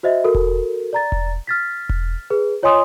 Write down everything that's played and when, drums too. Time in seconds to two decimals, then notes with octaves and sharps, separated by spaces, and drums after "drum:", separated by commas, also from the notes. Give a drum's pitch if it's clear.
0.03 F#4 C5 D#5 E5
0.24 F#4 A4 A#4
0.35 drum: kick E1
0.93 D5 A#5 A6
1.12 drum: kick E1
1.47 F6 A6 B6
1.90 drum: kick E1
2.30 G#4 B4
2.63 F4 C#5 D#5 G#5 C6 D#6